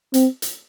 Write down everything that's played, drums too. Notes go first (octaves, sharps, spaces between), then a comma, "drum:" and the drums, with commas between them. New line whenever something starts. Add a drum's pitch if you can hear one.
C4, drum: hi-hat
drum: hi-hat